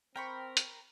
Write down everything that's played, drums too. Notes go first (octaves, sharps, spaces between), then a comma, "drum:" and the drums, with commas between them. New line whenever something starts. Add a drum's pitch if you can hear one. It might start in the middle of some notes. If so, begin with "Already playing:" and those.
C4 A#4 G5 B5 C#6
drum: hi-hat